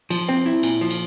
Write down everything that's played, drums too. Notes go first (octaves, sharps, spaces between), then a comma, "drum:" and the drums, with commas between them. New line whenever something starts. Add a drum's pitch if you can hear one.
F3, drum: cymbal
C4
E4
A#2, drum: cymbal
F3
drum: cymbal